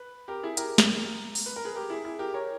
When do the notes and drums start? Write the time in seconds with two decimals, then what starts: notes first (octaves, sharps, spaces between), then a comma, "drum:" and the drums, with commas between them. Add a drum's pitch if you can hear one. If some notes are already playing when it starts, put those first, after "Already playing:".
Already playing: B4
0.28 G4 A#4
0.43 E4 G#4
0.57 G4 A#4, drum: hi-hat
0.78 drum: snare
1.35 drum: open hi-hat
1.46 B4
1.56 A#4
1.65 G#4 B4
1.75 G4 A#4
1.90 E4 G#4
2.05 E4 G#4
2.19 G4 A#4
2.34 A#4 C#5